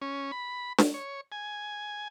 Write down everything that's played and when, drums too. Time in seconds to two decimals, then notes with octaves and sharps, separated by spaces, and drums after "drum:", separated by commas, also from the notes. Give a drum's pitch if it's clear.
0.02 C#4
0.32 B5
0.78 drum: snare D4
0.94 C#5
1.32 G#5